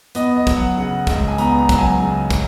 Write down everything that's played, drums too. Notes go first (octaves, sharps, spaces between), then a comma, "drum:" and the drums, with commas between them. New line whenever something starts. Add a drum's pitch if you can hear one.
B3 D#5, drum: hi-hat
D#5
F#3, drum: kick, hi-hat
F#5
C#3 F#5
C#2, drum: kick, hi-hat
G#5
B3 A#5, drum: hi-hat
A#5
F#3, drum: kick, hi-hat
G#5
C#3
drum: kick, hi-hat